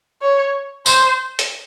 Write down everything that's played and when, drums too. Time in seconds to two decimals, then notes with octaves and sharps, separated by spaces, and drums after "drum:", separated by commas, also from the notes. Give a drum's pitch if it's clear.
0.22 C#5
0.86 C5, drum: tambourine
1.39 drum: hi-hat